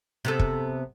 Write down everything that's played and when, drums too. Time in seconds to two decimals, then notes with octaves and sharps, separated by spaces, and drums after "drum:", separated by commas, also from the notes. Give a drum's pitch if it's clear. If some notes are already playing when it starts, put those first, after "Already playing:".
0.25 C3 B3 A4
0.39 drum: kick